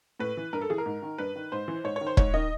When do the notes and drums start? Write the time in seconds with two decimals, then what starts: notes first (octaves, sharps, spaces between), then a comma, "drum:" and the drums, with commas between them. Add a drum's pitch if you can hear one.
0.20 A2 B4
0.37 E3
0.53 G2 A#4
0.61 A4
0.70 E3 G#4
0.78 A#4
0.86 G#2
1.02 D#3
1.18 G2 B4
1.35 D#3
1.52 G#2 C5
1.68 E3
1.84 G#2 C#5
1.96 C#5
2.01 D#3
2.07 C5
2.17 G#2 C#5, drum: kick E1
2.34 D#3 D#5